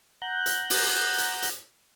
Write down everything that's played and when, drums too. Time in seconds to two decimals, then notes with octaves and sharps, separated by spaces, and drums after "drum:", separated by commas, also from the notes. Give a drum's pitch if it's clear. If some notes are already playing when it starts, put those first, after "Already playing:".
0.22 F#5 A#5 F#6 G6
0.46 drum: hi-hat
0.70 drum: open hi-hat
1.18 drum: hi-hat
1.42 drum: hi-hat